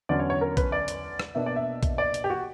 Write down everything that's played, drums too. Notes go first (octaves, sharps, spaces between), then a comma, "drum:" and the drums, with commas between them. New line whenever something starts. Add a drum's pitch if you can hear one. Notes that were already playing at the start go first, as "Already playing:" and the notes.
E2 D3 F#3 C#4 D5
C#5
C#5
A#4
B4, drum: kick A#1, hi-hat
D5
drum: hi-hat
drum: rim click
B2 A#3 D4 E5
D5
E5
drum: kick A#1, hi-hat
D5
drum: hi-hat
G4
F#4